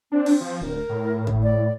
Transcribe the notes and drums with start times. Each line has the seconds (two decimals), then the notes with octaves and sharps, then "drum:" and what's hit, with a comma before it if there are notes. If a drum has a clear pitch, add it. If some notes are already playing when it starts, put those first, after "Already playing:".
0.12 C4 D4
0.26 drum: cymbal
0.41 F3
0.62 D1 A#4
0.89 A2
1.27 drum: kick G#1
1.43 D5